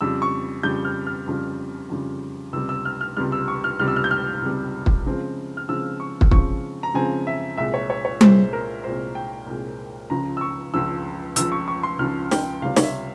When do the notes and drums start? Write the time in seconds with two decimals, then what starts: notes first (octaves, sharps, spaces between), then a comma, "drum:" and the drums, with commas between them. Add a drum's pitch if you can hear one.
0.01 F2 C#3 G3 E6
0.22 C#6
0.63 F2 C#3 G3 G6
0.85 F6
1.07 F6
1.27 F2 C#3 G3
1.90 F2 C#3 G3
2.53 C#2 C3 G3 E6
2.69 E6
2.85 F6
3.01 F6
3.17 C#2 C3 G3 F6
3.32 E6
3.48 C#6
3.64 F6
3.79 C#2 C3 G3 F6
3.88 E6
3.96 F6
4.04 G6
4.11 F6
4.42 C#2 C3 G3
4.86 drum: kick
5.06 C#3 F3 G#3 C4
5.57 F6
5.69 C#3 F3 G#3 C4 E6
6.00 C#6
6.21 drum: kick
6.31 C#3 F3 G#3 C4 C#6, drum: kick
6.83 A#5
6.94 C#3 F3 G#3 C4 G#5
7.27 E5
7.57 C2 A#2 G#3 E5
7.74 C#5
7.90 C#5
8.05 C#5
8.21 C2 A#2 G#3 C5, drum: tom G3
8.53 A#4
8.84 C2 A#2 G#3 C5
9.15 G5
9.47 C2 A#2 G#3
10.10 C#2 C#3 F3 A#5
10.37 E6
10.41 C#6
10.74 C#2 C#3 F3 E6
11.36 C#2 C#3 F3 E6, drum: hi-hat
11.52 C#6
11.68 C#6
11.83 C6
11.99 C#2 C#3 F3 F6
12.31 G5, drum: snare
12.62 C#2 C3 G3 C#4 F5
12.76 C#5, drum: snare
12.83 E5